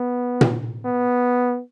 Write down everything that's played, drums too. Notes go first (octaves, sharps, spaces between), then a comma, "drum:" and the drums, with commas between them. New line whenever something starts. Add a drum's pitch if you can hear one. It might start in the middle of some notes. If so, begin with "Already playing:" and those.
Already playing: B3
drum: tom A#2
B3